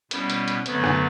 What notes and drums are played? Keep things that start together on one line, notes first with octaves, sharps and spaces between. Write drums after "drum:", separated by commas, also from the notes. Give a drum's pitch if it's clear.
B2 G3 B3 C#4 E4, drum: hi-hat
drum: hi-hat
drum: hi-hat
F#2 D3 F#3 A3 B3, drum: hi-hat
drum: rim click